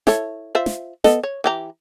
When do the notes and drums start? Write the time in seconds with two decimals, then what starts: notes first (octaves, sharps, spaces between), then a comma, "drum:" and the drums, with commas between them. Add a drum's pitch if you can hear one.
0.07 E4 A4 C#5, drum: snare
0.55 F4 C5 E5
0.66 drum: snare
1.04 B3 A4 D#5, drum: snare
1.23 C#5
1.44 E3 G4 A#5